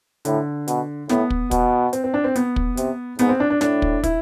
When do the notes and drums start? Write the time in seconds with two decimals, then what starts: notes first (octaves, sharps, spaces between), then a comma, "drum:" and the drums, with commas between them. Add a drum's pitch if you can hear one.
0.25 A2 D3, drum: hi-hat
0.68 B2, drum: hi-hat
1.09 A2 B3, drum: snare
1.30 drum: kick
1.51 B2, drum: kick, hi-hat
1.93 C4, drum: hi-hat
2.04 C4
2.14 D4
2.24 C4
2.36 B3, drum: hi-hat
2.56 drum: kick
2.77 C3, drum: hi-hat
3.19 G#2 B3, drum: hi-hat
3.29 C4
3.40 D4
3.50 D4
3.61 A2 D4, drum: snare
3.82 drum: kick
4.03 E4, drum: kick, hi-hat